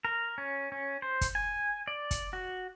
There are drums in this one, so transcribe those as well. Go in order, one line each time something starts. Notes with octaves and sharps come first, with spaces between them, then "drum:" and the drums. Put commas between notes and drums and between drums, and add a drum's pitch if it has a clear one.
A#4
C#4
C#4
C5
drum: kick, hi-hat
G#5
D5
drum: kick, hi-hat
F#4